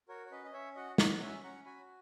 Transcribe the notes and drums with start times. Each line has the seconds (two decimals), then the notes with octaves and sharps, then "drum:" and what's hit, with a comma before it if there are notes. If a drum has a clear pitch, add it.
0.08 F#4 A#4 C#5
0.26 C#5
0.31 C#4 B4 D#5
0.44 D#5
0.53 C#4 C#5 E5
0.76 F#4 D#5 F#5
0.98 F#4 A#4 C#5, drum: snare
1.21 C#4 E5 G#5
1.44 C#4 F#5 A#5
1.65 F#4 G#5 B5